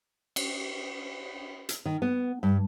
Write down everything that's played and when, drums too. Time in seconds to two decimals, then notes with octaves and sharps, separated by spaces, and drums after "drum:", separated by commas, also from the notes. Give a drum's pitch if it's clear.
0.36 drum: cymbal
1.69 drum: hi-hat
1.85 D#3
2.02 B3
2.43 G2